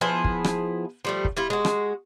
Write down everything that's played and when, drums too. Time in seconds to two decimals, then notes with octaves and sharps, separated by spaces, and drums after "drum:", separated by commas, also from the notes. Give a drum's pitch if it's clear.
0.01 F3 B3 E4 G#4
0.24 drum: kick
0.44 drum: rim click
1.05 F3 G3 A3
1.25 drum: kick
1.37 G3 E4 F4
1.50 G#3 F#4
1.65 drum: rim click